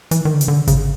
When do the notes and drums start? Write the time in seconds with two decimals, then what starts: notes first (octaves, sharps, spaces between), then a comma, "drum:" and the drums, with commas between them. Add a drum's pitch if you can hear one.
0.11 E3, drum: hi-hat
0.25 D#3
0.33 D3
0.41 C#3, drum: hi-hat
0.48 D3
0.67 C#3, drum: kick G#1, hi-hat